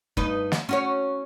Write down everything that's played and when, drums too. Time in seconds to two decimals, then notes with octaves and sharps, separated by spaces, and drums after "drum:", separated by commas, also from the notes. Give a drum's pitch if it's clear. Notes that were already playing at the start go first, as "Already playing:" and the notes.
0.17 G2 D#4 B4, drum: kick F1
0.52 drum: snare
0.69 C#4 F#4 C#5